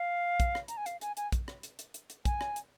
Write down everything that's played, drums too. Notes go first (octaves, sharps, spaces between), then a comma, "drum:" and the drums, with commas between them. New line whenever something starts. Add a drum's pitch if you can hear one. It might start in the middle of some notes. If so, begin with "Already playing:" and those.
Already playing: F5
drum: kick, hi-hat
drum: rim click
A#5, drum: hi-hat
G#5
F5, drum: hi-hat
G#5, drum: hi-hat
G#5, drum: hi-hat
drum: kick, hi-hat
drum: rim click
drum: hi-hat
drum: hi-hat
drum: hi-hat
drum: hi-hat
G#5, drum: kick, hi-hat
drum: rim click
drum: hi-hat